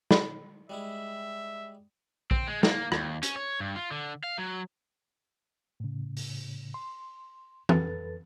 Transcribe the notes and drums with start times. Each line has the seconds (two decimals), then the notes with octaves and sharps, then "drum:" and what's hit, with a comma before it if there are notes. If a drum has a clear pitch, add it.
0.11 B5, drum: snare
0.69 G3 G#3 E4 E5
2.31 C4, drum: kick A#1
2.47 G#3
2.63 A#3, drum: snare
2.92 D#2, drum: rim click
3.23 C#4, drum: hi-hat
3.36 C#5
3.60 G2
3.76 F4
3.91 D3
4.24 F5
4.38 F#3
5.80 A2 C#3
6.17 drum: open hi-hat
6.74 C6
7.69 F2 A4 B4 A6, drum: tom E3